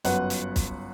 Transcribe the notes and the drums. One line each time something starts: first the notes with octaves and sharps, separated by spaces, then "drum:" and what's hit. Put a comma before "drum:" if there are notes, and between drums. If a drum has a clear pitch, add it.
G1 F#2 B4 F#5 F#6, drum: hi-hat
drum: hi-hat
drum: kick, hi-hat